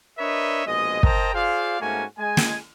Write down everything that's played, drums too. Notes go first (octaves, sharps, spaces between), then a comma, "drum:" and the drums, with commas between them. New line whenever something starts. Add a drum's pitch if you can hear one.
D4 A#4 B4 C#5 D#5 E5
A#1 B2 G#3 D#5
A#4 C5 D#5 G5 A5 A#5, drum: kick
F4 G#4 C5 D5 F5
G#2 A3 A#3 C#4 F#4 G#5
G#3 G#5
drum: snare